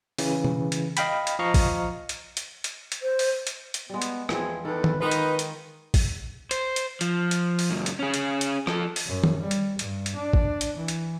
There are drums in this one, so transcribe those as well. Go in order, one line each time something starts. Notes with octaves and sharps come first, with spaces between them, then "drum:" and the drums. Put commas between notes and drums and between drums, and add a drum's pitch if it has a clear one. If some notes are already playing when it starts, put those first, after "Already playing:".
C#3 E3, drum: open hi-hat
drum: tom B2
drum: hi-hat
D#5 F5 G5 B5, drum: hi-hat
drum: hi-hat
F3 D#5 F5 A#5 C#6 C#7
drum: kick, open hi-hat
drum: hi-hat
drum: hi-hat
drum: hi-hat
drum: hi-hat
C5
drum: open hi-hat
drum: hi-hat
drum: hi-hat
G3 G#3 B3
drum: hi-hat
E2 E3 F3 C4 G#4, drum: rim click
E2 D#3 A4 B4
drum: tom D#3
D#3 G#3 D#4 F4 B4 C5
drum: hi-hat
drum: hi-hat
drum: kick, open hi-hat
C5, drum: hi-hat
drum: hi-hat
F3, drum: hi-hat
drum: hi-hat
drum: open hi-hat
C#2 F#2
drum: hi-hat
C#4 G#4
drum: hi-hat
drum: hi-hat
F3 A4, drum: rim click
drum: open hi-hat
F#2
drum: tom D#3
G3
drum: hi-hat
G2, drum: hi-hat
drum: hi-hat
D4
drum: kick
drum: hi-hat
E3
drum: hi-hat